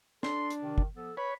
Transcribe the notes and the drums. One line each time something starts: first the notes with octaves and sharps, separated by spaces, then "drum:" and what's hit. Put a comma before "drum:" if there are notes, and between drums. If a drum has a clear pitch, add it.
D4 A4 C6, drum: snare
drum: hi-hat
C3 D#3
drum: kick
F3 B3 A4
B4 C#5 B5